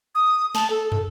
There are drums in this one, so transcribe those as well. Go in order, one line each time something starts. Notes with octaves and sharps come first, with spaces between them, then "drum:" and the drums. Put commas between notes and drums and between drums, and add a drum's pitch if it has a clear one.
D#6
A5, drum: snare
A4
A4, drum: tom